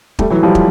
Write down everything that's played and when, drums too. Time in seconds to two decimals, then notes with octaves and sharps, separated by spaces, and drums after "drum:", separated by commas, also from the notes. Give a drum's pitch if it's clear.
0.19 G3 A3, drum: kick
0.30 E3 F#3
0.43 F3 G3
0.55 drum: kick